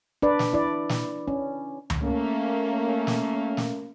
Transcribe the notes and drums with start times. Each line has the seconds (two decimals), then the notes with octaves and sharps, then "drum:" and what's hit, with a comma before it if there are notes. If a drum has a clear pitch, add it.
0.22 D4 B4 D5
0.39 drum: snare
0.53 E4 D5
0.89 drum: snare
1.28 C#4
1.90 drum: tom C#2
2.03 A3 A#3 C#4
3.07 drum: snare
3.57 drum: snare